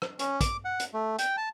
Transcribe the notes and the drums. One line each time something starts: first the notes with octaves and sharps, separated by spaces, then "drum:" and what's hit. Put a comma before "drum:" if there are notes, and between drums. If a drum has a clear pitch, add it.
drum: rim click
C#4, drum: hi-hat
D6, drum: kick, hi-hat
F#5
drum: hi-hat
A3
G5, drum: hi-hat
A5